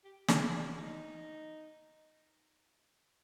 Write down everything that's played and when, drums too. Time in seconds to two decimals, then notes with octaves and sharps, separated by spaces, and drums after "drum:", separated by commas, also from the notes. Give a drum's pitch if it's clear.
0.04 G4
0.28 F#4, drum: snare
0.52 D4
0.77 D#4